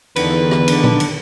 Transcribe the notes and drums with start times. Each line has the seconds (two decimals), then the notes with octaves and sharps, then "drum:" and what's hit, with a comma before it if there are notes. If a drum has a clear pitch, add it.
0.16 E2 D3 D#3 B4, drum: cymbal
0.51 drum: rim click
0.68 D4, drum: cymbal
0.84 drum: tom A#2
1.00 drum: cymbal